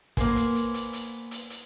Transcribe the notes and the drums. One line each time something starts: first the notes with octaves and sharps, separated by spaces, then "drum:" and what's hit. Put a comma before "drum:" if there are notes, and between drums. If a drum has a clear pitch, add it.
A#3 B3 C5 G#5, drum: kick, hi-hat
drum: hi-hat
drum: hi-hat
drum: hi-hat
drum: hi-hat
drum: hi-hat
drum: hi-hat